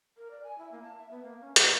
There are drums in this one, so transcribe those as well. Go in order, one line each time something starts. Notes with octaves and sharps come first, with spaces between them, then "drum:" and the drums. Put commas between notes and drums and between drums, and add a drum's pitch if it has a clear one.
A#4
D5
G#5
E4
A#3
A5
E5
B3
A#3
C#4
A#3, drum: hi-hat